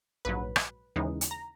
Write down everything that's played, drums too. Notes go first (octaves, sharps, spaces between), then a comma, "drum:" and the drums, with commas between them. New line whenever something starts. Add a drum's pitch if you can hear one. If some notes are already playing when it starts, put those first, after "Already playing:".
A#1 G#2 F#3 B4
drum: rim click
D#2 C#3 E3 G#3 D#4
drum: hi-hat
A#5